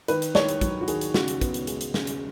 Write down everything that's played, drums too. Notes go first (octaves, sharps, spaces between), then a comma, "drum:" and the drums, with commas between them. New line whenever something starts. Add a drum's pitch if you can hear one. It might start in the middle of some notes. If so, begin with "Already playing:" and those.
D#3 B4, drum: hi-hat
drum: hi-hat
D#3 C#5, drum: snare
drum: hi-hat
F#3, drum: kick, hi-hat
F#4
D#3 G#4, drum: hi-hat
drum: hi-hat
C#3 F#4, drum: snare
drum: hi-hat
B3, drum: kick, hi-hat
drum: hi-hat
G#3, drum: hi-hat
drum: hi-hat
C#3, drum: snare
drum: hi-hat